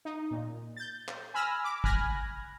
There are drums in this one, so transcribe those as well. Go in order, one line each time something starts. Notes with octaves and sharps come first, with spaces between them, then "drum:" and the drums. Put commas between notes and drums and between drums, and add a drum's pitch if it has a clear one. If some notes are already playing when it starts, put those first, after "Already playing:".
D#4
A#2
G6 A6
drum: clap
G#5 B5 E6 F6 A#6
D6
G#5 B5 F6 F#6 G#6 A#6, drum: kick